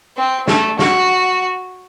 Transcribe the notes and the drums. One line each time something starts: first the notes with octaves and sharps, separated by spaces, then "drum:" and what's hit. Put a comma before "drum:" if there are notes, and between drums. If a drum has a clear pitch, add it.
C4
A3, drum: snare
F#4, drum: snare